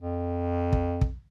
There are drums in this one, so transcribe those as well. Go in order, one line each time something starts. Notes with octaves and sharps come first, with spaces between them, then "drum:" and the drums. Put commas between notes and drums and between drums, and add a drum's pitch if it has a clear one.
F2
drum: kick
drum: kick